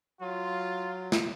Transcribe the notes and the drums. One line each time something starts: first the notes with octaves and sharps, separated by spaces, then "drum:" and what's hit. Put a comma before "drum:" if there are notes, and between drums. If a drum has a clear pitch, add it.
F#3 F4
drum: snare